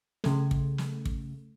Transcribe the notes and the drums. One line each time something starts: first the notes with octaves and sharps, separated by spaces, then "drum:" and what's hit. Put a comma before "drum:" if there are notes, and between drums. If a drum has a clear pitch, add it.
C#3 A3, drum: snare
drum: kick
drum: snare
drum: kick